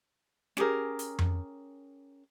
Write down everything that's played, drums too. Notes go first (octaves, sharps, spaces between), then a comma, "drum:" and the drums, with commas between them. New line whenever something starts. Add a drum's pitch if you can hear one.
C#4 G4 G#4 A#4, drum: snare
drum: hi-hat
drum: tom F2